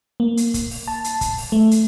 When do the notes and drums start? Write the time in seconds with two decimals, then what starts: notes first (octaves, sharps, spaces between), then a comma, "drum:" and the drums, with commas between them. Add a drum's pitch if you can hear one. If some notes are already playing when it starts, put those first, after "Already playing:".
0.20 A#3
0.37 drum: hi-hat
0.54 drum: kick, hi-hat
0.71 drum: open hi-hat
0.88 A5
1.04 drum: hi-hat
1.21 drum: kick, hi-hat
1.38 drum: open hi-hat
1.52 A3
1.71 drum: hi-hat